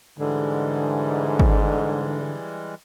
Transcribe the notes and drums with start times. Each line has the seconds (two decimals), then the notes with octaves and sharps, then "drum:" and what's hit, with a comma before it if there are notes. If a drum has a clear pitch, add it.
0.19 G#2 D3 E3 G3 G#3
1.39 drum: kick